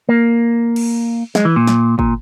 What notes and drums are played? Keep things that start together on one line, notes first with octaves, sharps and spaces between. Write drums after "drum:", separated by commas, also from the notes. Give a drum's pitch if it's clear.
A#3
drum: cymbal
G#3, drum: snare
E3
A#2
drum: snare
A#2, drum: kick